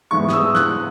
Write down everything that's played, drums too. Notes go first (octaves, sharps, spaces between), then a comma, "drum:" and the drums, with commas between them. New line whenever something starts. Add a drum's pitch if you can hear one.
G#2 E3 G#3 B3 C#6
D#6, drum: snare
E6
F#6, drum: snare